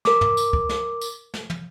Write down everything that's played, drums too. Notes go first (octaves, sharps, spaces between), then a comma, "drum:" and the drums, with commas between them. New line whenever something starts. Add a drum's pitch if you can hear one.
A#4 D6, drum: snare
drum: tom
drum: tambourine
drum: kick C#2
drum: snare
drum: tambourine
drum: snare
drum: tom